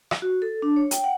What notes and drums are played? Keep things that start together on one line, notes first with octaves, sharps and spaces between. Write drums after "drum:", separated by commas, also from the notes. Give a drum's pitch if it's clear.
drum: rim click
F#4
A4
D4
C#5
G5, drum: hi-hat
F#5